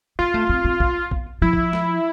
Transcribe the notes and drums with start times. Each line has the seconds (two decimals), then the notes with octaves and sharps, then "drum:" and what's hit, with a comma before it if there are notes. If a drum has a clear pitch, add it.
0.19 B3 F4
0.34 A3
0.49 C4
0.65 C4
0.80 B3, drum: kick A#1
1.11 B3, drum: kick A#1
1.42 F3 E4
1.53 drum: kick A#1
1.73 drum: snare